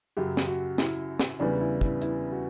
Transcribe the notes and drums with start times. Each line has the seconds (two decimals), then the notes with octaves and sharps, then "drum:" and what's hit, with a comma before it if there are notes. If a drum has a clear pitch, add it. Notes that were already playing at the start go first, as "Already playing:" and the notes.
0.17 F#2 C#3 F#3 G4
0.37 drum: snare
0.48 F#4
0.78 E4, drum: snare
1.19 drum: snare
1.40 E2 C#3 G3 B3 D4
1.61 E4
1.81 E4, drum: kick
2.02 E4, drum: hi-hat
2.32 F#4